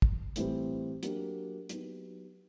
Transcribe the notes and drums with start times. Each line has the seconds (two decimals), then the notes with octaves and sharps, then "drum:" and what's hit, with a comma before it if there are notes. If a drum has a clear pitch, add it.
0.02 drum: kick
0.36 A2 E3 G3 C4, drum: hi-hat
1.03 F#3 A#3 D4 G4, drum: hi-hat
1.69 F#3 B3 D#4 G4, drum: hi-hat